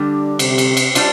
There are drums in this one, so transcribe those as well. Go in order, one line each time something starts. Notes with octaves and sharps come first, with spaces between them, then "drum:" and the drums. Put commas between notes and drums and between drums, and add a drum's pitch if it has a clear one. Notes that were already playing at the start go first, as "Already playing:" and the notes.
Already playing: D3 G3 D4 G4
C3, drum: cymbal
drum: cymbal
drum: cymbal
G3 D4 F4, drum: cymbal